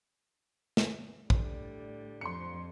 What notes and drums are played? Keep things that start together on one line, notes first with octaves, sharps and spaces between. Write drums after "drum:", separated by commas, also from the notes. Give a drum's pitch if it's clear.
drum: snare
A2 D3 G3, drum: kick
F2 C6 C#7